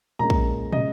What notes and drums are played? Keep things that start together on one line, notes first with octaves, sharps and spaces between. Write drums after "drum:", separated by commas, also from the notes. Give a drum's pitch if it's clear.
A#2 G#3 C#4 A#5
drum: kick
C#3 G#3 D#5, drum: tom